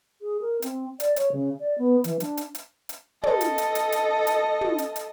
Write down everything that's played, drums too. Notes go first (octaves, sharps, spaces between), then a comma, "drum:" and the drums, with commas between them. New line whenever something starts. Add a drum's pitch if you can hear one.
G#4
A#4
C4, drum: hi-hat
D5, drum: hi-hat
C#5, drum: hi-hat
C#3
D5
B3
E3, drum: hi-hat
D4, drum: hi-hat
drum: hi-hat
drum: hi-hat
drum: hi-hat
A4 D#5, drum: tom
drum: hi-hat
drum: hi-hat
drum: hi-hat
drum: hi-hat
drum: hi-hat
drum: tom
drum: hi-hat
drum: hi-hat